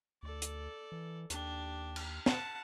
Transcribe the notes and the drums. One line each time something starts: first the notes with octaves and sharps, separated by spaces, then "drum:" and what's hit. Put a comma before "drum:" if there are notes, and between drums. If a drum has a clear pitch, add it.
D2 A4 D5
drum: hi-hat
E3
D#2 D4 G4, drum: hi-hat
drum: cymbal
F#5 A5, drum: snare